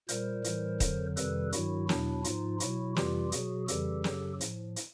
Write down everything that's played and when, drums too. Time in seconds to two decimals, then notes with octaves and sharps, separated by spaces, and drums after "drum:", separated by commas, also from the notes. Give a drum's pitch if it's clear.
0.09 A#2 G3 A#4 C5, drum: hi-hat
0.44 A2 E3 G3, drum: hi-hat
0.80 F2 D3 F#3, drum: kick D#1, hi-hat
1.17 F2 C3 D#3 G3 A4 B4, drum: hi-hat
1.52 G2 D#3 F#3 E4 F#4, drum: hi-hat
1.89 E2 B2 F#3 D4 E4, drum: snare
2.24 G#2 F3 D#4 F4, drum: hi-hat
2.60 B2 F#3 E4 F#4, drum: hi-hat
2.96 F2 C3 E3 G3 F4 G4, drum: snare
3.32 B2 F#3 F#4 G#4, drum: hi-hat
3.68 F2 C#3 E3 G3 G4 A4, drum: hi-hat
4.04 F#2 C#3 F#3, drum: snare
4.41 A2 F3, drum: hi-hat
4.76 drum: hi-hat